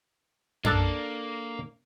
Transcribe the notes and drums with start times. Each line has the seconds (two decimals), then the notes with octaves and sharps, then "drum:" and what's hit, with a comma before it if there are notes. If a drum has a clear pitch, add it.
0.65 A#3 D4 A4, drum: tom F#2